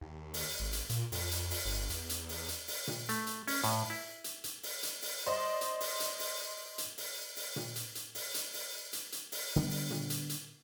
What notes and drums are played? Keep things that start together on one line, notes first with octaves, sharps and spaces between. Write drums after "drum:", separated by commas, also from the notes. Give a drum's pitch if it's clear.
D#2
drum: open hi-hat
G#1
drum: hi-hat
A#2, drum: hi-hat
F2, drum: open hi-hat
drum: hi-hat
drum: open hi-hat
G1
E2, drum: hi-hat
drum: hi-hat
drum: open hi-hat
drum: hi-hat
drum: open hi-hat
drum: tom A#2
A3, drum: hi-hat
drum: hi-hat
C#4, drum: open hi-hat
A2, drum: hi-hat
E4
drum: hi-hat
drum: hi-hat
drum: open hi-hat
drum: hi-hat
drum: open hi-hat
C5 D5 D#5 C6
drum: hi-hat
drum: open hi-hat
drum: hi-hat
drum: open hi-hat
drum: hi-hat
drum: open hi-hat
drum: open hi-hat
drum: tom A#2
drum: hi-hat
drum: hi-hat
drum: open hi-hat
drum: hi-hat
drum: open hi-hat
drum: hi-hat
drum: hi-hat
drum: open hi-hat
D3 G3 B3
drum: open hi-hat
drum: tom A#2
drum: hi-hat
drum: hi-hat